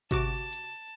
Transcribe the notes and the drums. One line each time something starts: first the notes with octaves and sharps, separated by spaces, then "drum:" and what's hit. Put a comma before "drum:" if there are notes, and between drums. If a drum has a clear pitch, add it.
C3 F#4 A5 D6, drum: kick, hi-hat
drum: hi-hat